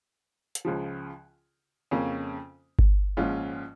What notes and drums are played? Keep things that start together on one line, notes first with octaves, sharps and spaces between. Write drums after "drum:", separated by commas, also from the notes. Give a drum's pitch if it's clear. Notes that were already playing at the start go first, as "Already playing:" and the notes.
drum: hi-hat
C#2 C#3 F3
F2 C#3 A#3 C#4
drum: kick G1
A#1 G#2 F3 C#4 F4